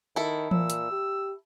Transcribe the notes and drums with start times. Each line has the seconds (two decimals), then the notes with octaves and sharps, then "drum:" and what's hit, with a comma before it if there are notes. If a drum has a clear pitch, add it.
0.16 D#3 E4 A4
0.51 A#2 E6, drum: tom E3
0.70 drum: hi-hat
0.91 G4